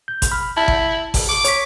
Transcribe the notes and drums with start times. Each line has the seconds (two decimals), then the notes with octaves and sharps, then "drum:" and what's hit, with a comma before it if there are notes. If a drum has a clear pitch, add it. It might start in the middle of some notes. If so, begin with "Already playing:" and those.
0.08 G6
0.22 drum: kick G#1, hi-hat
0.32 B5 F6
0.57 E4 A5
0.68 drum: kick G#1
1.14 drum: kick G#1, open hi-hat
1.29 D6
1.44 C#5 C#6 B6, drum: hi-hat